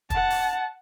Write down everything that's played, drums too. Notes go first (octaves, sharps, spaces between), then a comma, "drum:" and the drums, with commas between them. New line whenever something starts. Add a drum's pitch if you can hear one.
F#5 A5, drum: kick, hi-hat
drum: open hi-hat